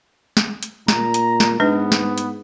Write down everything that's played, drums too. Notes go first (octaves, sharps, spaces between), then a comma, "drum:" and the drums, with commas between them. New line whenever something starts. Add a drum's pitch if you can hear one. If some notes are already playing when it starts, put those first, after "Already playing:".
drum: snare
drum: hi-hat
A#2 A#5, drum: snare
drum: hi-hat
drum: snare
G#2 G#3 B3 D4 B4
drum: snare
drum: hi-hat